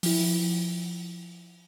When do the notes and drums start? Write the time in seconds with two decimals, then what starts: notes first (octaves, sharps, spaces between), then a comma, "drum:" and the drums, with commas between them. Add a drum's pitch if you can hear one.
0.03 F3 E4, drum: open hi-hat